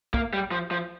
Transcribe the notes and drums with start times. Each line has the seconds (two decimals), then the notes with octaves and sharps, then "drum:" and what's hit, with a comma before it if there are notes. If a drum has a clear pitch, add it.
0.14 A#3, drum: kick
0.33 G3
0.51 F3
0.71 F3